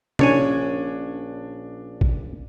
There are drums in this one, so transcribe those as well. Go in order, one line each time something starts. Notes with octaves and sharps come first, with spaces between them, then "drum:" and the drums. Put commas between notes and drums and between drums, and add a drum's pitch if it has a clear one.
A#1 C#4 D4 C#5 G#5, drum: tom
drum: kick A1